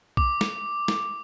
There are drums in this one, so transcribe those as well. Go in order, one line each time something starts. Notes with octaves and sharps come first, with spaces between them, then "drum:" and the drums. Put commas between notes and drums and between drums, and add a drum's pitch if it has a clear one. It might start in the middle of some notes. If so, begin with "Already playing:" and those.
D6, drum: kick B1
drum: snare
drum: snare